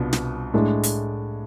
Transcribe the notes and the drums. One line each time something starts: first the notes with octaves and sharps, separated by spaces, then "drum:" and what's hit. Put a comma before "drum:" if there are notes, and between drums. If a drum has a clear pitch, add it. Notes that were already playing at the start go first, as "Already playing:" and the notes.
Already playing: C2 B2 B3 D4 F4
drum: snare
A2 G#3 D4
drum: hi-hat